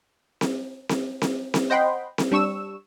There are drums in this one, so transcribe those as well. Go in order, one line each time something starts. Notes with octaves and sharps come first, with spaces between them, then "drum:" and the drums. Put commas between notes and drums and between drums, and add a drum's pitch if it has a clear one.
drum: snare C4
drum: snare C4
drum: snare C4
drum: snare C4
C5 D#5 F#5 G5 B5 C6
drum: snare C4
G3 D4 C#6 E6 E7